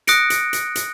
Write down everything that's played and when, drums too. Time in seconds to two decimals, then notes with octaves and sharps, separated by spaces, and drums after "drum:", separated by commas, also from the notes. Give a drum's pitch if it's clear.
0.07 D#6 F#6 A#6 C#7 D7, drum: hi-hat
0.30 drum: hi-hat
0.53 drum: hi-hat
0.75 drum: hi-hat